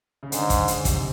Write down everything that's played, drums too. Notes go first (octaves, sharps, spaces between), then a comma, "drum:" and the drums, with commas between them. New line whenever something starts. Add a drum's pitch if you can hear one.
C#3
G#2 D3, drum: hi-hat
drum: kick, hi-hat
drum: hi-hat
C3, drum: kick, hi-hat